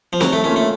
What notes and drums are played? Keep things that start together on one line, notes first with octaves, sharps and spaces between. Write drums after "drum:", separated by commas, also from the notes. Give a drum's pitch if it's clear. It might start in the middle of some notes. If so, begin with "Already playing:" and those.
F3
D#3 F#3, drum: snare C4
A3
A3 A#3 C#4 F4 A#4
A3